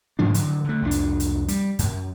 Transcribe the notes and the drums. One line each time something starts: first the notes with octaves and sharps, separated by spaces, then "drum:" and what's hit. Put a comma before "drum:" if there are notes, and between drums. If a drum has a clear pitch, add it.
D2 G#2 F3 D4
D3 F#3, drum: hi-hat
D3 A3
C2 F2 G3 D4
drum: hi-hat
drum: hi-hat
G3, drum: hi-hat
F#2, drum: hi-hat